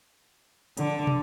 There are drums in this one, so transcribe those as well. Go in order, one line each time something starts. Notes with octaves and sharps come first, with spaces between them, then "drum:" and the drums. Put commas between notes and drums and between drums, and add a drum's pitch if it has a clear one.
D3, drum: hi-hat
drum: tom